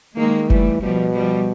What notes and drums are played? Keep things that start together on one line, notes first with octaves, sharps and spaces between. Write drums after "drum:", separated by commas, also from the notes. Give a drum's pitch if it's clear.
D#3 G#3 A#3
E3 G3 A3, drum: kick F#1
B2 F3 G3
F3 G3